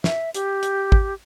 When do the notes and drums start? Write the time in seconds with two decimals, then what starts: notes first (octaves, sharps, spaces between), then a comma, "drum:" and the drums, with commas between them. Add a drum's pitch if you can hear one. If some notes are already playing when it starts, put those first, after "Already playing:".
0.04 E5, drum: snare
0.34 G4, drum: hi-hat
0.63 drum: hi-hat
0.92 drum: kick